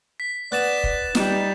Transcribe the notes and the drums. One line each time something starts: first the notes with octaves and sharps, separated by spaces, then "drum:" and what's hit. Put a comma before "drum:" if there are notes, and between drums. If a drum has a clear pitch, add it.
B6
B3 D5 F#6 A6 E7
drum: kick
G3 D#4, drum: snare